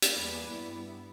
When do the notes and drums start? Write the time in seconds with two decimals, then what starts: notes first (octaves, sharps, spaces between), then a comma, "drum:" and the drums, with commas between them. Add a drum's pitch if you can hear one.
0.02 drum: hi-hat
0.15 E2 G3 A#3 G#4 B4 D5
0.52 G2 G3 B3 E4